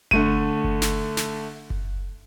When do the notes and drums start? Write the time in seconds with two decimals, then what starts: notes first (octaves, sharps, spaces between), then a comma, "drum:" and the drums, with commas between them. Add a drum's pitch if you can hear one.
0.11 D3 A3 D#7, drum: kick F#1
0.64 drum: kick F#1
0.82 drum: snare
1.17 drum: snare
1.70 drum: kick F#1